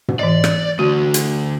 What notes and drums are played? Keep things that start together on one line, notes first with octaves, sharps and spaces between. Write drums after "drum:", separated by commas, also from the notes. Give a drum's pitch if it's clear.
drum: tom
E3 D5 D#5
drum: rim click
D3 A3 F#4
drum: hi-hat